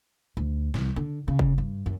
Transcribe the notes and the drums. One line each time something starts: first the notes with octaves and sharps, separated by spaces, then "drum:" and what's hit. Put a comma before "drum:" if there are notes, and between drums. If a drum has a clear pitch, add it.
D2
C2, drum: snare
D3
C#3
drum: kick F#1
G2
F#2